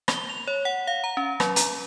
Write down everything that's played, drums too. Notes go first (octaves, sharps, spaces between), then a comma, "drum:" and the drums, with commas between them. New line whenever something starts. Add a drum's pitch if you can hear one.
G7, drum: rim click
F7
C#5
F#5
F5
A#5
C#4
F#3, drum: rim click
A#5, drum: hi-hat